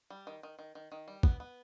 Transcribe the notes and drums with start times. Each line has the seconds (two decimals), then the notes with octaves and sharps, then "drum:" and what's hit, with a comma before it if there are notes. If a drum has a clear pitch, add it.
0.10 G3
0.27 D#3
0.43 D#3
0.59 D#3
0.75 D#3
0.92 D#3
1.08 G3
1.23 B3, drum: kick
1.40 B3